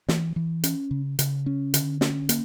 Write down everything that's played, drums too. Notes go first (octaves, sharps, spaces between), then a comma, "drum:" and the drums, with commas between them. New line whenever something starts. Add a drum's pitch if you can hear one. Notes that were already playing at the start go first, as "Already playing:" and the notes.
E3, drum: snare
E3
C#4, drum: hi-hat
C#3
C#3, drum: hi-hat
C#4
D3, drum: hi-hat
C#4, drum: snare
A#3, drum: hi-hat